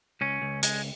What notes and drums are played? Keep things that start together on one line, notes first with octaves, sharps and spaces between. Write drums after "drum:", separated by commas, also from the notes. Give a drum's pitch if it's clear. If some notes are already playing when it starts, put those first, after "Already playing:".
C#2 C#4
C#2
G#3, drum: hi-hat